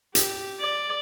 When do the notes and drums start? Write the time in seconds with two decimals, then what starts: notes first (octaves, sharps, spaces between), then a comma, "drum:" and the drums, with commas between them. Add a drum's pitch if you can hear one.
0.15 G4, drum: hi-hat
0.60 D5